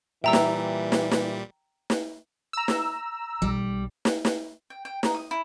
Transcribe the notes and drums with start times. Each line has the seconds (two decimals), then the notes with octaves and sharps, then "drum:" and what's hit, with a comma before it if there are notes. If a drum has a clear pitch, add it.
0.24 A#2 E3 G3 E5 G5 A#5 E6
0.33 drum: snare
0.92 drum: snare
1.11 drum: snare
1.90 drum: snare
2.53 A#5 E6
2.68 drum: snare
3.42 B1 G3
4.05 drum: snare
4.25 drum: snare
4.70 G5
4.85 G5
5.03 D#4, drum: snare
5.15 D#6
5.31 E4